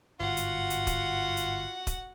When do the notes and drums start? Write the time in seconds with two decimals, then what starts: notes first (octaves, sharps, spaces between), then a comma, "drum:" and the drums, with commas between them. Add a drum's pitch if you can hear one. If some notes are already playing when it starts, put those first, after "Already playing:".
0.20 G1 G#2 F4 F#4 F#5
0.37 drum: hi-hat
0.70 drum: hi-hat
0.87 drum: kick D#1, hi-hat
1.37 drum: hi-hat
1.87 drum: kick D#1, hi-hat